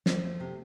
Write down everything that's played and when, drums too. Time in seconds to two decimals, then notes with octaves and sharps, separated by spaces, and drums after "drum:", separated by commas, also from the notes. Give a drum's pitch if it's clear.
0.06 F3, drum: snare
0.24 A3
0.40 C3